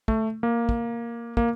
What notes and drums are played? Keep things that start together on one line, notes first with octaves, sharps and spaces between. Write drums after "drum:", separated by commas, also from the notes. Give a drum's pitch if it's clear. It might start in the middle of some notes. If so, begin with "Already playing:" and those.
A3, drum: kick
A#3
drum: kick
A#3, drum: kick